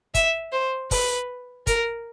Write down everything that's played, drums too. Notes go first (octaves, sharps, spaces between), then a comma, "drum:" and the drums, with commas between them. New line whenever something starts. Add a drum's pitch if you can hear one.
E5, drum: kick, hi-hat
C5
B4, drum: kick, open hi-hat
A#4, drum: kick, hi-hat